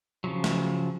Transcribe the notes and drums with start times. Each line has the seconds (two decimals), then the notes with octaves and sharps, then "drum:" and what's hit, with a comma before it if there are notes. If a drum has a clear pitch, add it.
0.24 C#3 F3 F#3
0.44 drum: snare